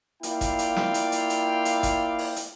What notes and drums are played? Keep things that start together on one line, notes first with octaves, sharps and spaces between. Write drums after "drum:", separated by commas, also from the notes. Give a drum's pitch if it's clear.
A#3 E4 F4 D5 F5 G5, drum: hi-hat
drum: kick G1, hi-hat
drum: hi-hat
drum: snare
drum: hi-hat
drum: hi-hat
drum: hi-hat
drum: hi-hat
drum: kick G1, hi-hat
drum: open hi-hat
drum: hi-hat